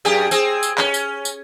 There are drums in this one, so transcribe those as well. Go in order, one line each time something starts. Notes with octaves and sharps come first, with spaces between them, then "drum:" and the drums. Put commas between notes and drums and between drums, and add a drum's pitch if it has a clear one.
F#2 G4 G#4
C4 G#4, drum: tambourine
drum: tambourine
C#4, drum: clap
drum: tambourine
drum: tambourine